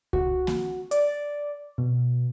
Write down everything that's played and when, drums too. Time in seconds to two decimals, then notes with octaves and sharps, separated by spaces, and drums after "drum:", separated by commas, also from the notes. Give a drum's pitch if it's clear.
0.13 F#4, drum: kick C#2
0.47 drum: snare A#3
0.91 D5, drum: hi-hat
1.78 B2